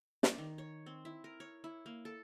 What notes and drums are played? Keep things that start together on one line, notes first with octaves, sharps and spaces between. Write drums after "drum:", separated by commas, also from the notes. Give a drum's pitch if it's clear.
D5, drum: snare
D#3
C#5
C4
E4
A#4
C#5
E4
A#3
A4